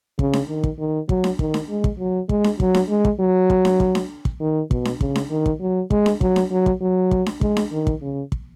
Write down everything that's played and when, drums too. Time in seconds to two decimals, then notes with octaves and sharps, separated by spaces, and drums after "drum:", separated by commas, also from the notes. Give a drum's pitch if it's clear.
0.19 C#3, drum: kick
0.33 drum: snare D4
0.49 D#3
0.64 drum: kick
0.79 D#3
1.09 F#3, drum: kick
1.24 drum: snare D4
1.39 D#3, drum: kick
1.54 drum: snare D4
1.69 G#3
1.84 drum: kick
1.99 F#3
2.29 G#3, drum: kick
2.44 drum: snare D4
2.60 F#3, drum: kick
2.74 drum: snare D4
2.89 G#3
3.05 drum: kick
3.20 F#3
3.50 drum: kick
3.65 drum: snare D4
3.80 drum: kick
3.95 drum: snare D4
4.25 drum: kick
4.40 D#3
4.71 B2, drum: kick
4.85 drum: snare D4
5.01 C#3, drum: kick
5.16 drum: snare D4
5.30 D#3
5.46 drum: kick
5.61 F#3
5.91 G#3, drum: kick
6.06 drum: snare D4
6.21 F#3, drum: kick
6.36 drum: snare D4
6.51 F#3
6.66 drum: kick
6.81 F#3
7.11 drum: kick
7.26 drum: snare D4
7.41 G#3, drum: kick
7.57 drum: snare D4
7.72 D#3
7.87 drum: kick
8.01 C#3
8.32 drum: kick